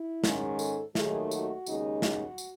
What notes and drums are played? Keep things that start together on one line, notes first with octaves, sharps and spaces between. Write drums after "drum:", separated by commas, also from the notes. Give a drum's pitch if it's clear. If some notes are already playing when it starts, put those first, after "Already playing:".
Already playing: E4
G#2 D#3 G#3 C#4, drum: snare
A4, drum: tambourine
D#2 D#3 F#3 A3 G#4, drum: snare
F#4, drum: tambourine
D#2 C#3 G#3 D#4, drum: tambourine
F#4, drum: snare
drum: tambourine